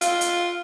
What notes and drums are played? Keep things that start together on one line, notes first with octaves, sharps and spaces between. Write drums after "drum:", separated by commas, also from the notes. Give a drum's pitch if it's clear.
F4, drum: hi-hat
drum: hi-hat